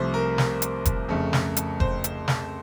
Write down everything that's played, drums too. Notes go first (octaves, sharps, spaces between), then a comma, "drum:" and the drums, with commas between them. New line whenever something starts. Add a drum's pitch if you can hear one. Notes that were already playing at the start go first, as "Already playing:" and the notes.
Already playing: C2 C3 F3 A3 C5
A#4
drum: snare
drum: hi-hat
drum: kick F1, hi-hat
F2 C#3 A3
drum: snare
drum: hi-hat
C5, drum: kick F1
drum: hi-hat
drum: snare